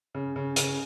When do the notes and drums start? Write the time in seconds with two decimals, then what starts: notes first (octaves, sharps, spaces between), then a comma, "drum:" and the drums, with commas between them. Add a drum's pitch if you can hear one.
0.15 C#3
0.36 C#3
0.56 C#3, drum: hi-hat